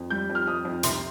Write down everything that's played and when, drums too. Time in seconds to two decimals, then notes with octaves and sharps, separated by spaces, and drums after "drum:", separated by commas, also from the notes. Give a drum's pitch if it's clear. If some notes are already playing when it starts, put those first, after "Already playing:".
Already playing: F2
0.10 G3 G6
0.30 F2
0.35 F6
0.47 F2 D#6
0.65 F2
0.83 C2 C6, drum: hi-hat